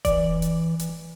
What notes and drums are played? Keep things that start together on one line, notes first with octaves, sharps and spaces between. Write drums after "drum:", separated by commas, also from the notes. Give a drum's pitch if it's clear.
E3 D5, drum: kick E1, hi-hat
drum: hi-hat
drum: hi-hat